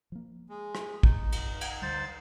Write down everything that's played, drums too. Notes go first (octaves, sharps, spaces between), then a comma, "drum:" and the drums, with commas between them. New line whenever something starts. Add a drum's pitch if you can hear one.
F3 A#3
G#3
drum: rim click
E1 F#2 C3 D#4, drum: kick
drum: cymbal
drum: cymbal
D2 D3 G3 C5 A6